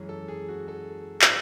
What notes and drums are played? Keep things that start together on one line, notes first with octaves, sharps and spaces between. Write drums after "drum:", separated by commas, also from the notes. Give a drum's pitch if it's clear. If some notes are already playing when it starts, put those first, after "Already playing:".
Already playing: F#2 E3 G#3 C#4
A4
G#4
F#4
A4
drum: clap